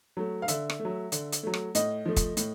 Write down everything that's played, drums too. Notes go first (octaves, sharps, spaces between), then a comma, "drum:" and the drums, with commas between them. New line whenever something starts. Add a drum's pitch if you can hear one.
F#3 A3
F5
D3 E5, drum: hi-hat
drum: rim click
A3
F#3
D3, drum: hi-hat
drum: hi-hat
F#3 A3
drum: rim click
A2 D#5, drum: hi-hat
F3 A3
drum: kick, hi-hat
A2, drum: hi-hat